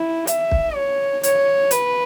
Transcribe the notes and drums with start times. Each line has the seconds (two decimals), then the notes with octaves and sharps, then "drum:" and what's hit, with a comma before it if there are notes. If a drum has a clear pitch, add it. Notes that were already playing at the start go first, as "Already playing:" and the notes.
Already playing: E4
0.27 E5, drum: hi-hat
0.51 drum: kick
0.75 C#5
1.23 C#5, drum: hi-hat
1.71 B4, drum: hi-hat